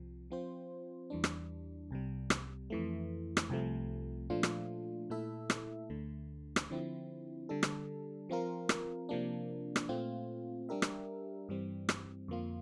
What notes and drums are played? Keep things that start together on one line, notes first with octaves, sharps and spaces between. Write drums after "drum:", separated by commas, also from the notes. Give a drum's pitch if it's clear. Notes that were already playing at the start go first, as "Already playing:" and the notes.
Already playing: C2 C3 F3
F3 C4 F4 C5
E2 E3 G3 D4
drum: rim click
C2 C3 G3
drum: rim click
F2 E3 A3
drum: rim click
C2 C3 F3 A3
A#2 F3 A3 D4 F4
drum: rim click
A#2 A3 E4 A4 E5
drum: rim click
D2 D3 A3
drum: rim click
D3 F3 C4 E4
D3 G3 D4 A4
drum: rim click
F3 C4 F4 A#4
drum: rim click
C3 F3 A#3 D4
drum: rim click
A#2 A3 C4 F4
G3 D4 G4 A#4 E5
drum: rim click
G2 E3 G3 C4
drum: rim click
F2 D3 F3 A#3 F4